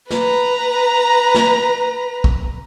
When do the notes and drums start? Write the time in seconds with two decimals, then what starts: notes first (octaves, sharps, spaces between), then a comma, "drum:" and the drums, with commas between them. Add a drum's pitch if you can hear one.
0.10 B4 A#5, drum: snare
1.35 drum: snare
2.24 drum: kick